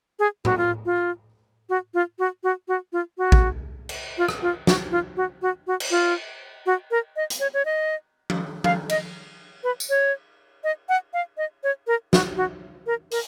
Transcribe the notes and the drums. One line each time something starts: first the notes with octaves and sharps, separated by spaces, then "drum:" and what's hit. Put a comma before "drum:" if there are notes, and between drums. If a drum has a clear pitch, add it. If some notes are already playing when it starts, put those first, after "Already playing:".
G#4
F#4, drum: tom A2
F4
F4
F#4
F4
F#4
F#4
F#4
F4
F#4
drum: kick A1
drum: cymbal
F4
drum: rim click
F4
F#4, drum: snare
F4
F#4
F#4
F#4
drum: cymbal
F4
F#4
A#4
D#5
drum: hi-hat
C#5
C#5
D#5
drum: tom F3
F5, drum: tom F3
D#5, drum: cymbal
B4
drum: tambourine
C#5
D#5
F#5
F5
D#5
C#5
A#4
F#4, drum: snare
F#4
A#4
A#4, drum: open hi-hat